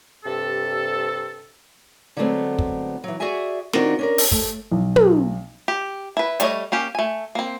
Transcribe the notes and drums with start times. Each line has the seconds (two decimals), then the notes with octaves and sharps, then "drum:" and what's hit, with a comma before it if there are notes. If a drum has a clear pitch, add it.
0.25 G2 C3 A4
2.17 D3 F#3 G#3 A3 B3 C4
2.59 drum: kick
3.04 E3 F#3
3.20 F#4 G#4 D5 E5 G#5
3.73 D#3 C4 D4 F4 F#4 A#4, drum: snare
3.99 C#4 D4 A#4
4.18 drum: open hi-hat
4.31 A3, drum: kick
4.72 B1
4.96 drum: tom
5.68 G4
6.17 E4 B4
6.40 G3 A3 C#4 C#5 D#5, drum: hi-hat
6.72 A#3 C#4 G4
6.95 A3 G#5
7.35 A#3 C4